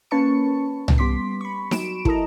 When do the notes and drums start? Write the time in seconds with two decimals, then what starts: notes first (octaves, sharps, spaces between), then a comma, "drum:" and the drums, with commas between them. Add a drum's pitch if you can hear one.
0.11 A#3 C#4 B4 A5 C#6 C#7
0.88 drum: tom C2
0.98 G3 B3 C6 D6 B6
1.41 B5 C#6
1.71 F#3 D7 E7, drum: snare D#4
2.05 E4 A4 A#4 D#5 A#5, drum: kick